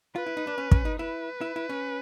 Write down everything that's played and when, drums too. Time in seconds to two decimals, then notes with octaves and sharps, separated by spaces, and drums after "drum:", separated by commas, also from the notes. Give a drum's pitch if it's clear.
0.16 F4 B4
0.26 E4
0.37 D#4
0.47 D4
0.58 C#4
0.71 C#4, drum: kick
0.85 D#4
0.99 E4 B4
1.41 E4
1.56 E4
1.69 C#4